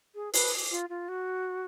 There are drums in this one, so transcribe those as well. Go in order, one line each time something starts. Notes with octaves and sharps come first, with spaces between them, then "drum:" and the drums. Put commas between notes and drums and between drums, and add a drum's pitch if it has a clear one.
G#4
B4, drum: open hi-hat
F4
F4
F#4